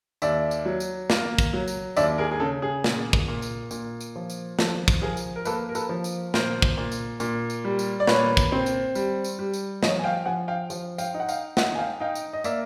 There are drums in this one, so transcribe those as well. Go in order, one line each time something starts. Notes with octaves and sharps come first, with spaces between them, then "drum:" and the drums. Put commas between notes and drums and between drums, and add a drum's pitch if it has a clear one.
D#2 D5 E5, drum: tambourine
drum: tambourine
F#3
drum: tambourine
A#3, drum: snare
drum: kick, tambourine
F#3
drum: tambourine
D#2 D5 E5, drum: tambourine
G#4 A#4
G#4
C#3 A4
G#4
A#2, drum: snare
drum: kick
A#2
drum: tambourine
A#2, drum: tambourine
drum: tambourine
F3
drum: tambourine
F3 A4, drum: snare
drum: kick, tambourine
F3 G#4 A#4
drum: tambourine
A#4
A#3 A4 B4, drum: tambourine
A#4
A4 B4, drum: tambourine
F3
drum: tambourine
A#2 A#4 C5, drum: snare
drum: kick
A#2
drum: tambourine
A#2, drum: tambourine
drum: tambourine
G3
drum: tambourine
D5
A#2 B4 C#5, drum: snare
drum: kick, tambourine
C4
drum: tambourine
G3, drum: tambourine
drum: tambourine
G3
drum: tambourine
F3 C#5 D#5, drum: snare
G#5
F5 G5
F3 F#5 G#5
F5 G5
F3, drum: tambourine
F5 G5, drum: tambourine
D#4
F#5
F5 G5, drum: tambourine
D#4 E5 F#5, drum: snare
G#5
F5 G5
D#4 F5 G5
drum: tambourine
D#5
A#3 D5 E5, drum: tambourine